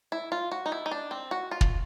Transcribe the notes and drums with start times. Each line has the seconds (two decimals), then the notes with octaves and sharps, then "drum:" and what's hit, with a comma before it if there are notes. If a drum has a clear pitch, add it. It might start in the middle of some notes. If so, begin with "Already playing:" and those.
0.12 E4
0.32 F4
0.51 F#4
0.66 D#4
0.72 E4
0.86 D#4
0.91 D4
1.11 C4
1.31 F#4
1.51 F4
1.61 drum: kick